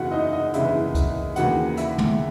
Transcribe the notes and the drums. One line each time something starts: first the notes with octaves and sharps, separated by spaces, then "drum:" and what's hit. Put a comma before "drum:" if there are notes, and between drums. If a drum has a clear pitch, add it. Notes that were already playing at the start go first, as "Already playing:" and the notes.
Already playing: F#1 E2 C#3 E3 E4 F#4 E5 F#5
D#4 D#5
D#4 D#5
F#1 E2 C#3 E3 E4 E5, drum: hi-hat
drum: kick C#2, hi-hat
D#2 C#3 E3 F#4 F#5, drum: hi-hat
E4 E5, drum: hi-hat
drum: tom